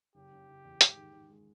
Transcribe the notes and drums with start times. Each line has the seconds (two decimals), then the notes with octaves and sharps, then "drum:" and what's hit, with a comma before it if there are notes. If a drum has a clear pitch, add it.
0.15 F#1 G4
0.32 F#1
0.48 F#1
0.64 E2
0.81 G#2, drum: hi-hat
0.97 D#3
1.13 D#3
1.30 G#3